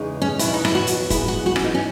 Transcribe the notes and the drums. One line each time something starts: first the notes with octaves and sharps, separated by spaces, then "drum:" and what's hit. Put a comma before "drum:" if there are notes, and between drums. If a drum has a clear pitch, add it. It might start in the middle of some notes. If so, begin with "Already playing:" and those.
Already playing: E2 C#3 G#3 D#4
C#4
E2 B2 F#3 E4, drum: hi-hat
D#4
E4, drum: rim click
F#4
drum: hi-hat
E3 G#3 B3 E4, drum: kick, hi-hat
F#4
F#4
C#4, drum: rim click
D#4
C#4